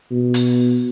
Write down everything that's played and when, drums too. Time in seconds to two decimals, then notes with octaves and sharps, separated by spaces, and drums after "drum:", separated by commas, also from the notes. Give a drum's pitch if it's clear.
0.11 B2
0.34 drum: hi-hat